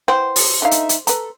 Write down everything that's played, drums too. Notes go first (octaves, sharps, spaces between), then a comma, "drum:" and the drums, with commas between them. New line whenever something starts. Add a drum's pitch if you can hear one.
E3 C5 F#5 G5
drum: open hi-hat
D3 D#4 E5 F5
drum: hi-hat
drum: hi-hat
A4 B4 A#5, drum: hi-hat